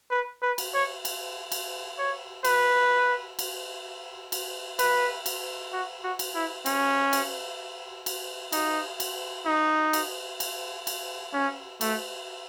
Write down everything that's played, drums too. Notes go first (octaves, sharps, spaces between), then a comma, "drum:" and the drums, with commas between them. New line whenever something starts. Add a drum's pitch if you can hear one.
B4
B4
drum: cymbal
C#5
drum: cymbal
drum: cymbal
C#5
B4, drum: cymbal
drum: cymbal
drum: cymbal
B4, drum: cymbal
drum: cymbal
F#4
F#4
drum: cymbal
E4
C#4, drum: cymbal
drum: cymbal
drum: cymbal
D#4, drum: cymbal
drum: cymbal
D#4
drum: cymbal
drum: cymbal
drum: cymbal
C#4
A3, drum: cymbal